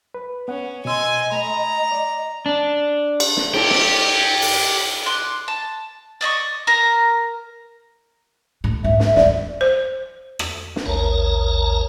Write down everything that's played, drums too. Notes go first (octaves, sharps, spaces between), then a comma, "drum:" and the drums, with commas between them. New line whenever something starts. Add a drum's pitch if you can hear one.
B4
B3 C#4 F#5
B2 D#5 G#5 C6 E6
A3 A#5 B5
D5
D4
drum: cymbal
drum: snare
G4, drum: cymbal
drum: snare
drum: open hi-hat
C6 D6 F#6
A5
D5 D#5 A#5 C#6
A#4 A#5
A2
G#2 E5
E5, drum: snare
E2 G2 D5, drum: snare
C5
drum: rim click
drum: snare
A1 D#2 A#4 C#5 A5 A#5